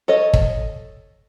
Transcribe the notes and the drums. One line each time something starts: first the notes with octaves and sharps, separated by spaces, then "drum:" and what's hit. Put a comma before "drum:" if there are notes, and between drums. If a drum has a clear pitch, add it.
A4 C#5 D#5
drum: kick